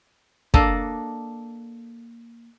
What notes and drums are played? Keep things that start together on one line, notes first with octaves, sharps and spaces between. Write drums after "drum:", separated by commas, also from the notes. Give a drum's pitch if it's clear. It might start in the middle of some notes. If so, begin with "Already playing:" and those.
A#3 D4 A4 D#5, drum: kick